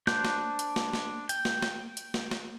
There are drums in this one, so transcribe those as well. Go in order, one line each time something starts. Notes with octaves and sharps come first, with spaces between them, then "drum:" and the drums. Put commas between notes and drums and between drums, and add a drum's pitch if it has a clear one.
D4 C5 F#6 G6, drum: snare
drum: snare
drum: hi-hat
drum: snare
drum: snare
G5, drum: hi-hat
drum: snare
drum: snare
drum: hi-hat
drum: snare
drum: snare